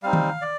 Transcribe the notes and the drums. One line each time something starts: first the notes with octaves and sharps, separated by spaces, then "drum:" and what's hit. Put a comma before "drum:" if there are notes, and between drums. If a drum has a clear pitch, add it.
G3 C4 D#4 F5
drum: tom D#3
D5